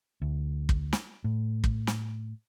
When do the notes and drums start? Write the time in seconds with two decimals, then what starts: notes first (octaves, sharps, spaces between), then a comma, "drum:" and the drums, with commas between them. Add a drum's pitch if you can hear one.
0.22 D2
0.69 drum: kick
0.93 drum: snare
1.24 A2
1.64 drum: kick
1.87 drum: snare